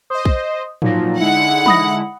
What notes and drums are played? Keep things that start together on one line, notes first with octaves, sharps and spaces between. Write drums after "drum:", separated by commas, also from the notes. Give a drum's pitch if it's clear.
C5 D#5 D#6
drum: kick
A#2 F3 F#3 D#4 F4 A#6, drum: tom G#2
D3 G#3 D#4 E4 F#5
B5 D#6 A#6, drum: tom